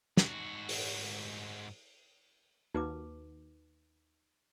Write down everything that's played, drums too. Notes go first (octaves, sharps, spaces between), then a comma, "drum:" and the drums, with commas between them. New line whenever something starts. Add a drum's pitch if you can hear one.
G#2 F#4, drum: snare
drum: open hi-hat
D#2 A#3 D#4 F#4 B4 D6